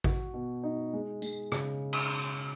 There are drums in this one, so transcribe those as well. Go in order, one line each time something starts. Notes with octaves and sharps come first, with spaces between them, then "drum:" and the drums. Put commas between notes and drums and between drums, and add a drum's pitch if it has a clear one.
F#4, drum: kick A1
B2
D#4
G#3
G#3, drum: tambourine
C#3, drum: rim click
drum: cymbal